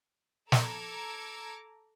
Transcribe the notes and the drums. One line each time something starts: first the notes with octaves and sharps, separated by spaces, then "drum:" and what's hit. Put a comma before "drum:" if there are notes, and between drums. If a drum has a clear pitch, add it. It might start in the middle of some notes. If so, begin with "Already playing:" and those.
A4 A#5 D6 E6 G#6 C#7, drum: snare